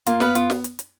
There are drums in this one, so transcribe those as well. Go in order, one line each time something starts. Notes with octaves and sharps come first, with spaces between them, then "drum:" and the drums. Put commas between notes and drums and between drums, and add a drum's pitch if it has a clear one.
A#3 F4, drum: hi-hat
B3 B4 F5 B5, drum: snare
B3 F4, drum: hi-hat
drum: snare
drum: hi-hat
drum: hi-hat